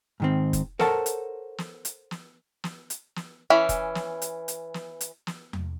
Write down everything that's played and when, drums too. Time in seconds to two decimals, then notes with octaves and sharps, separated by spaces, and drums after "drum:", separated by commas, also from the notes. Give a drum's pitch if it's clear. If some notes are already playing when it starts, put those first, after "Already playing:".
0.20 G#2 D#3 C4
0.53 drum: kick, hi-hat
0.79 A4 A#4 C5 C#5 F#5 A5, drum: snare
1.06 drum: hi-hat
1.58 drum: snare
1.85 drum: hi-hat
2.11 drum: snare
2.64 drum: snare
2.90 drum: hi-hat
3.16 drum: snare
3.50 E3 C#4 B5
3.69 drum: kick, hi-hat
3.95 drum: snare
4.22 drum: hi-hat
4.48 drum: hi-hat
4.74 drum: snare
5.01 drum: hi-hat
5.27 drum: snare
5.53 drum: tom E2